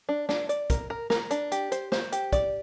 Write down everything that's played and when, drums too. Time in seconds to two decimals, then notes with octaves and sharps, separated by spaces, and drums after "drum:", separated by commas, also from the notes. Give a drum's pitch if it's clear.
0.09 D4
0.29 D4, drum: snare
0.49 D5, drum: hi-hat
0.70 A#4, drum: kick, hi-hat
0.90 A#4
1.10 A#4, drum: snare
1.31 D4, drum: hi-hat
1.52 G4, drum: hi-hat
1.72 C5, drum: hi-hat
1.92 C5, drum: snare
2.12 G4, drum: hi-hat
2.33 D5, drum: kick, hi-hat